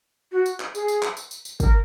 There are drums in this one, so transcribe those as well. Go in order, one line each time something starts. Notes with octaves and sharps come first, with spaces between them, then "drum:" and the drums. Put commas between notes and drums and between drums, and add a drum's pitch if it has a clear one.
F#4
drum: tambourine
drum: clap
G#4, drum: tambourine
drum: tambourine
drum: clap
drum: tambourine
drum: tambourine
drum: tambourine
A#4, drum: kick, tambourine